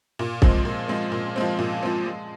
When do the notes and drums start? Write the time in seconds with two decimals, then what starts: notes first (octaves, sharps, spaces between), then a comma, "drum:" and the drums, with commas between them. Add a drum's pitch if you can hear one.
0.19 A#2
0.42 F3 G#3 C4, drum: kick
0.65 A#2
0.88 F3 G#3 C4
1.12 A#2
1.36 F3 G#3 C4
1.59 A#2
1.83 F3 G#3 C4
2.06 G#3